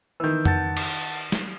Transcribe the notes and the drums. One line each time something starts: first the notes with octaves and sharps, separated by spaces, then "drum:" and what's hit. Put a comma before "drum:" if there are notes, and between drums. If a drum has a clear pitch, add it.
D#3 E3 E6 G6
F#5 A5 A6, drum: tom F2
drum: cymbal
drum: snare F#3